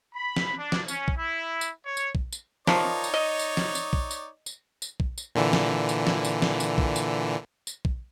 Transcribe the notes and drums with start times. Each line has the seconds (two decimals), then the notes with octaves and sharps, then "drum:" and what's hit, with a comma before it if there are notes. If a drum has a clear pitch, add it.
0.14 B5
0.37 drum: snare
0.58 D4
0.72 drum: snare
0.88 C#4, drum: tambourine
1.08 drum: kick
1.17 E4
1.61 drum: tambourine
1.85 C#5
1.97 drum: tambourine
2.15 drum: kick
2.32 drum: tambourine
2.67 D#3 F3 D#4 C#5 D5, drum: snare
3.04 drum: tambourine
3.14 D#5
3.39 drum: tambourine
3.57 drum: snare
3.75 drum: tambourine
3.93 drum: kick
4.11 drum: tambourine
4.46 drum: tambourine
4.82 drum: tambourine
5.00 drum: kick
5.18 drum: tambourine
5.35 A#2 D3 E3
5.53 drum: snare
5.89 drum: tambourine
6.07 drum: snare
6.24 drum: tambourine
6.42 drum: snare
6.60 drum: tambourine
6.78 drum: kick
6.96 drum: tambourine
7.67 drum: tambourine
7.85 drum: kick